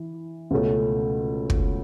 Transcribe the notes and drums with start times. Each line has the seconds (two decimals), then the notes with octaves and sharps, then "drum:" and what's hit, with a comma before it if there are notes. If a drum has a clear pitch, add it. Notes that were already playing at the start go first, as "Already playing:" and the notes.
Already playing: E3
0.51 C#2 B2 A3 C#4
1.50 drum: kick